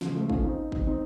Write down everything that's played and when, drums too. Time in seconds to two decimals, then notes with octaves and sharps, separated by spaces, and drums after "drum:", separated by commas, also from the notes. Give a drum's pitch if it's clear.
0.01 C#3 F3, drum: snare
0.15 F3 A3
0.30 C#4 F4, drum: kick
0.43 C4 D#4
0.72 drum: kick
0.87 C4 D#4